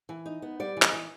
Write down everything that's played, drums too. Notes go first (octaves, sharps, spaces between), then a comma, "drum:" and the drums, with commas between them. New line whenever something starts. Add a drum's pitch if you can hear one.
E3
D#4
B3
G3 D5
E3
D#5, drum: clap
E3